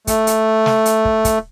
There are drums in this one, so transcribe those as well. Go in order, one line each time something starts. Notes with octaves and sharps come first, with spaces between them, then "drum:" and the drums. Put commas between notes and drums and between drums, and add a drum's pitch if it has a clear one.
A3, drum: kick, hi-hat
drum: hi-hat
drum: snare
drum: hi-hat
drum: kick
drum: kick, hi-hat